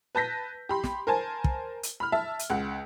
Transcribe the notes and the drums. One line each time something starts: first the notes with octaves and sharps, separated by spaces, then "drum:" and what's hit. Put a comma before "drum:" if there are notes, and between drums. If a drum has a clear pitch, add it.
B4 A5 G6 A#6 B6
G4 B5 C6
drum: snare
A#4 C5 G#5 A5
drum: kick
drum: hi-hat
B5 F6
E5 A5
drum: hi-hat
C#2 F#5